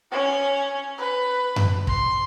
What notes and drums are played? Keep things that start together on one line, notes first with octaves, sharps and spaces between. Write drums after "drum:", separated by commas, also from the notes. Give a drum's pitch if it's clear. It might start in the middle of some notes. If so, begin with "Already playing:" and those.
C#4 C#5
B4
drum: tom F#2
C6, drum: kick